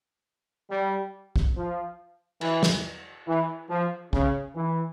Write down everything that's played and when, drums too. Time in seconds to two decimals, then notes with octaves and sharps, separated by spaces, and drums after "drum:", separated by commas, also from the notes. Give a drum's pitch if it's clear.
0.70 G3
1.36 drum: kick
1.56 F3
2.41 E3, drum: cymbal
2.63 drum: snare
3.27 E3
3.70 F3
4.13 C#3, drum: kick
4.55 E3